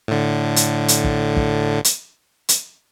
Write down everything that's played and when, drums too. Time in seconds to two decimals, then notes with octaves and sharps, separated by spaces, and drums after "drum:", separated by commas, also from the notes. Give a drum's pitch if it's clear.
0.08 A2 D3
0.56 drum: hi-hat
0.88 drum: hi-hat
1.04 drum: kick
1.36 drum: kick
1.84 drum: hi-hat
2.49 drum: hi-hat